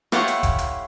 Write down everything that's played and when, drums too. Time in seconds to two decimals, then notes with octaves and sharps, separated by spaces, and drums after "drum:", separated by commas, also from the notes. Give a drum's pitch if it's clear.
0.12 A3 E4 F4 G4 C#5 F#5, drum: rim click
0.28 drum: hi-hat
0.43 drum: kick E1, hi-hat
0.59 drum: hi-hat